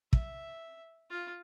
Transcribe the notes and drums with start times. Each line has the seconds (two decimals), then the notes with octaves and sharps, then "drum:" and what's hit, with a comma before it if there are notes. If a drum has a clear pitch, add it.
0.13 E5, drum: kick
1.10 F4